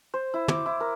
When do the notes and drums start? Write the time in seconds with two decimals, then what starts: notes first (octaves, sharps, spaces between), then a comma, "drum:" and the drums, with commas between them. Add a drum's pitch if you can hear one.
0.14 C5
0.34 E4
0.48 D6, drum: tom
0.66 E4
0.81 A#4